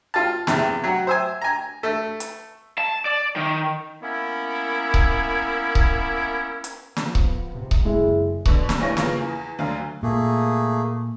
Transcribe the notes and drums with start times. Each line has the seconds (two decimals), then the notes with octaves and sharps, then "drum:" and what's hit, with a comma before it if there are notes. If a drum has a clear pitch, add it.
0.14 F4 A5
0.47 E2 C3, drum: snare
0.84 F#3 F#4
1.07 C5 E5 G#5
1.41 G#5 A#5
1.83 A3
2.20 drum: hi-hat
2.78 A5
3.05 D5
3.36 D#3
4.02 A#3 B3 C#4 E4
4.94 drum: kick C#1
5.75 drum: kick C#1
6.64 drum: hi-hat
6.96 F3 B3, drum: snare
7.15 drum: kick C#1
7.52 G#2 C3
7.71 drum: kick C#1
7.85 F#1 G#3 E4
8.46 B2 D3, drum: kick C#1
8.69 drum: snare
8.79 D2 G2 E3 C#5 C#6 A#6
8.97 C#3 F3 A#3 B3, drum: snare
9.19 E2
9.59 D2 D3 F#3 F5
10.03 A#2 A3 A#3 G#4